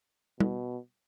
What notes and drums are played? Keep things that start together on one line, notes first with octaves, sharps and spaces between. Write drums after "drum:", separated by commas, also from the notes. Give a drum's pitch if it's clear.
B2, drum: tom G3